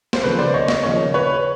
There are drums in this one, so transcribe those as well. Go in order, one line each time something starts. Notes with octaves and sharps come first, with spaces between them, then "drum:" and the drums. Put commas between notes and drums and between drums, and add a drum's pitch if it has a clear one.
C5, drum: snare
D#2 C#3 F3 A4 B4
C5 D5
C#5 D#5
C#5 D#5, drum: snare
D#2 C#3 F3 C#5 D#5
B4 C#5